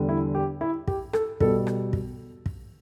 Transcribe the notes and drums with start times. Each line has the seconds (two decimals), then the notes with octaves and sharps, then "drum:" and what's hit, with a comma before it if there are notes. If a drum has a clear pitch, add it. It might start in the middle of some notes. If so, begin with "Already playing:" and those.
Already playing: E2 D3 G3
0.09 E4
0.35 G4
0.61 E4
0.88 G4, drum: kick
1.13 A4, drum: rim click
1.40 B2 G3 A4, drum: kick
1.67 drum: rim click
1.93 drum: kick
2.46 drum: kick